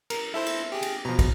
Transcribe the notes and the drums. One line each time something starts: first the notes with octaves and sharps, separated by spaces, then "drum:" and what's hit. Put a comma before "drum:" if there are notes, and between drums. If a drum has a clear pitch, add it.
A#4, drum: cymbal
E4 A4 C5 E5
drum: cymbal
G4 G#4
drum: cymbal
B2 F3 A#5
drum: kick, cymbal